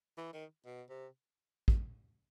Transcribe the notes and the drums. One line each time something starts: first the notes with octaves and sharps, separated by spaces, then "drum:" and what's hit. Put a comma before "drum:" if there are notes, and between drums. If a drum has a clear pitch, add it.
E3
D#3
B2
C3
drum: kick